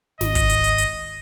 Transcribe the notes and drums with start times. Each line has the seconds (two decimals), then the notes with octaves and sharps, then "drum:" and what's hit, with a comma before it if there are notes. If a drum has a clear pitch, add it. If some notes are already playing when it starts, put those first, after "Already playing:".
0.21 G#1 D#5, drum: snare
0.35 drum: kick, hi-hat
0.49 drum: hi-hat
0.64 drum: hi-hat
0.78 drum: hi-hat